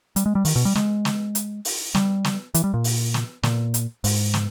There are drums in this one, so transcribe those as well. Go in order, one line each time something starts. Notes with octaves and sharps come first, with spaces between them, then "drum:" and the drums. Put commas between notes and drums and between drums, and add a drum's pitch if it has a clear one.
G3, drum: hi-hat
G#3
G3
D#3, drum: open hi-hat
B2
G3
G#3, drum: snare
drum: snare
drum: hi-hat
drum: open hi-hat
G3, drum: snare
drum: snare
E3, drum: hi-hat
G3
A#2
drum: open hi-hat
drum: snare
A#2, drum: snare
drum: hi-hat
G#2, drum: open hi-hat
drum: snare